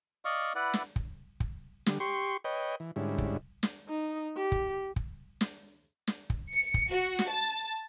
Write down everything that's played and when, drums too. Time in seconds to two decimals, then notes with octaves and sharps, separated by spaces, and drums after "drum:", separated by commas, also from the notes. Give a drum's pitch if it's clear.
0.25 D5 D#5 F5 C#6
0.55 E4 B4 D5 F#5
0.74 drum: snare
0.96 drum: kick
1.40 drum: kick
1.86 D3 G3, drum: snare
2.00 G4 C6 C#6
2.44 B4 C#5 D#5 G5
2.80 E3
2.96 G#2 D3 G3 C#4 E4
3.18 drum: kick
3.63 drum: snare
3.89 D#4
4.36 G4
4.52 drum: kick
4.96 drum: kick
5.41 drum: snare
6.07 drum: snare
6.30 drum: kick
6.53 C#7
6.74 drum: kick
6.90 F#4
7.19 drum: snare
7.28 A5